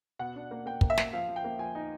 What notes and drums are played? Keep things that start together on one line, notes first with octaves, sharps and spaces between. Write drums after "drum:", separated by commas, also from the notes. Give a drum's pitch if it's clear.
B2 F#5
D4
A#3
A#3 G5
A#3, drum: kick
E5
A#3, drum: snare
F3 F5
F3
G5
A#3
F3 G#5
D#4